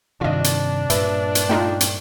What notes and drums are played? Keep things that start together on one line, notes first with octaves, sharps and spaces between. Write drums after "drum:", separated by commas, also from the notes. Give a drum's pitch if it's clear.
G2 C3 D#3 D4 F4 D#5
drum: hi-hat
G2 A#2 B4 E5, drum: hi-hat
drum: hi-hat
A3 D#4 F4 G5
drum: hi-hat